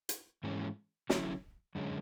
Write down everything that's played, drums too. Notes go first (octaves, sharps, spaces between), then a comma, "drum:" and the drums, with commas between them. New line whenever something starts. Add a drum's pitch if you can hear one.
drum: hi-hat
G#2 E3 G#3 C#4
D3 F#3 C#4 E4, drum: snare
F#2 D3 G#3 C#4